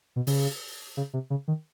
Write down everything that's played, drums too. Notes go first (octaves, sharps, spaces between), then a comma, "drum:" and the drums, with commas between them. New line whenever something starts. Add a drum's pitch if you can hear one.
B2
C#3, drum: open hi-hat
C#3
C3
C#3
D#3